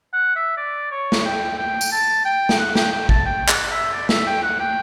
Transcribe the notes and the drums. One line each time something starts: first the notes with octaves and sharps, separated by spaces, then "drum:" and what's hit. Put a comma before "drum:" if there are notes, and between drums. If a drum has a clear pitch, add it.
F#5
E5
D5
C#5
drum: snare
G5
G5
drum: tambourine
A5
G5
drum: snare
F#5
G5, drum: snare
G5
A5, drum: kick G#1
G5
F#5, drum: clap
E5
D5
E5, drum: snare
G5
F#5
G5